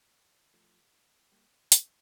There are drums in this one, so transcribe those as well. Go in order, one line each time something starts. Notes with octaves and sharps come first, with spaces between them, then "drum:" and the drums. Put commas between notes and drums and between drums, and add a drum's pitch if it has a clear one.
F3 A3
G3 A#3
A#3 D4, drum: hi-hat